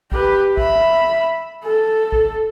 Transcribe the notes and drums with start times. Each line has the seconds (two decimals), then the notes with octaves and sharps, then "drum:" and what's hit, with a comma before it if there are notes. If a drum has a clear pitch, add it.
0.12 G4 B4, drum: kick
0.57 E5 B5, drum: kick
1.63 A4
2.12 drum: kick